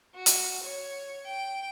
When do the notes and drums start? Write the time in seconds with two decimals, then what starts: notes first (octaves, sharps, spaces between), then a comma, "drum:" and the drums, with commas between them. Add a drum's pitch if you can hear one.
0.15 F#4
0.26 drum: hi-hat
0.63 C#5
1.26 G5